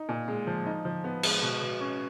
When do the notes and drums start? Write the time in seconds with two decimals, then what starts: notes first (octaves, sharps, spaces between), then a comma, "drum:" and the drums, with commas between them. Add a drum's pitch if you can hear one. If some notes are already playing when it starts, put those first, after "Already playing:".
Already playing: D#4
0.09 A#2
0.28 G#3
0.47 F3
0.66 D#4
0.85 F3
1.04 B3
1.23 G#3, drum: cymbal
1.42 B2
1.61 B2
1.80 C#4